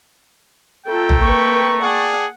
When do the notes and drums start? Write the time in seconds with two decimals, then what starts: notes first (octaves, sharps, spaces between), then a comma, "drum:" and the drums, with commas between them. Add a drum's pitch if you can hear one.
0.87 A3 C4 F4 A4 G5 A#5
1.09 drum: tom
1.21 A#3 B4 C#6
1.83 G#4 D5 F#5 G5 A5